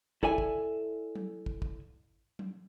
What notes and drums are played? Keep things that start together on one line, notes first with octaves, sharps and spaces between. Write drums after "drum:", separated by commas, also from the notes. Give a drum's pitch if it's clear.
E4 A4 D5 E5 G#5, drum: kick
drum: kick
drum: tom F#3
drum: kick
drum: kick
drum: tom F#3